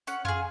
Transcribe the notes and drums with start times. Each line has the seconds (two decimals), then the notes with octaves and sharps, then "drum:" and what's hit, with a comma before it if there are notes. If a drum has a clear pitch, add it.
0.07 C#4 F#5, drum: tambourine
0.25 F4 G#4 G#5, drum: tom F2